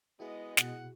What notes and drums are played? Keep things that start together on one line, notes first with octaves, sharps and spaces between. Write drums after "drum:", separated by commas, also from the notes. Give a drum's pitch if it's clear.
G#3 B3 E4 F#4 G#4 D#5
B2 F#5, drum: snare